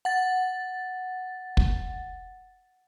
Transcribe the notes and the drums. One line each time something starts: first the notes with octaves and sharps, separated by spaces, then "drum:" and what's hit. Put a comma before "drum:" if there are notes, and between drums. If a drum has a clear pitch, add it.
F#5 A6
drum: kick